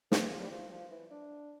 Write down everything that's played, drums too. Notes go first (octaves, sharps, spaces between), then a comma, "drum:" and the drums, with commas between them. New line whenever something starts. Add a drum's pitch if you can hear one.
D3, drum: snare
E3
F3
G3
F3
F3
E3
D4